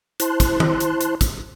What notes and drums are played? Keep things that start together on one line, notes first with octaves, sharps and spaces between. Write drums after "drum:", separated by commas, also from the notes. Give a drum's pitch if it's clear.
E4 C5 A5 C6 F#6, drum: hi-hat
drum: kick, hi-hat
drum: tom D#3
drum: hi-hat
drum: hi-hat
drum: kick, hi-hat